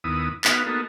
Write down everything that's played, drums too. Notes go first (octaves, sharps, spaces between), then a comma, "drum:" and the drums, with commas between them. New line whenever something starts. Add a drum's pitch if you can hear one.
D#2 B3 E4 D#6
B3 D#4 F#4 B4 F5, drum: clap
A#3 B3 D#4 F#4 A4